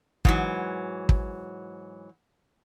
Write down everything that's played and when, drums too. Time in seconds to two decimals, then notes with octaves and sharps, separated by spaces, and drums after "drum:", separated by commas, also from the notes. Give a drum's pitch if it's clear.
0.25 G#2 E3 F#3, drum: kick
1.09 drum: kick